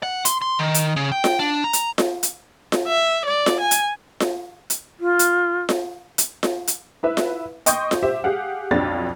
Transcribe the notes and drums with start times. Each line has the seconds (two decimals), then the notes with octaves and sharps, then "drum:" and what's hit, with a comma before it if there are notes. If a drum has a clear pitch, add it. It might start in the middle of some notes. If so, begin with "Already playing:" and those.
0.03 F#5
0.25 C6, drum: hi-hat
0.42 C6
0.59 D#3
0.74 drum: hi-hat
0.96 C#3
1.12 G5
1.24 drum: snare F4
1.39 D4
1.64 A#5
1.73 drum: hi-hat
1.98 drum: snare F4
2.23 drum: hi-hat
2.72 drum: snare F4
2.88 E5
3.26 D5
3.46 drum: snare F4
3.61 G#5
3.71 drum: hi-hat
4.20 drum: snare F4
4.70 drum: hi-hat
5.00 F4
5.19 drum: hi-hat
5.69 drum: snare F4
6.18 drum: hi-hat
6.43 drum: snare F4
6.67 drum: hi-hat
7.03 E4 B4 E5
7.17 drum: snare F4
7.66 D#5 G5 C6 C#6 D#6 G6, drum: hi-hat
7.91 drum: snare F4
8.03 G4 C5 E5
8.24 G4 G#4 F5 F#5
8.71 B1 F2 F3 D4 F4 A6